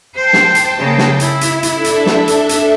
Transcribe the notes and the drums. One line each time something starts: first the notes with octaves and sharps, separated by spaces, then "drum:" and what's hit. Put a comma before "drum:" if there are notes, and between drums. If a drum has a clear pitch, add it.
C5 G5 A5
drum: snare
drum: hi-hat
C#3 A#3
drum: snare
E4, drum: hi-hat
drum: hi-hat
drum: hi-hat
D4 A4 E5
drum: hi-hat
drum: snare
drum: hi-hat
drum: hi-hat